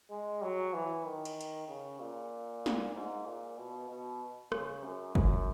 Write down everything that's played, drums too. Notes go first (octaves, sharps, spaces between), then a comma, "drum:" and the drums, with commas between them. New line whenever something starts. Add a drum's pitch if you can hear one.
G#3
F#3
E3
D#3
drum: cymbal
drum: cymbal
C#3
A#2
drum: snare
G#2
A#2
B2
B2
C#3, drum: rim click
F#2
F#2, drum: kick F#1